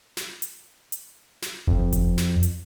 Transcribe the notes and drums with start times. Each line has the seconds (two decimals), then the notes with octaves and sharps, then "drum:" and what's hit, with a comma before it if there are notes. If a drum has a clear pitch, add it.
0.17 drum: snare
0.42 drum: hi-hat
0.92 drum: hi-hat
1.42 drum: snare
1.67 F2, drum: kick F#1
1.93 drum: kick F#1, hi-hat
2.18 drum: snare
2.43 drum: hi-hat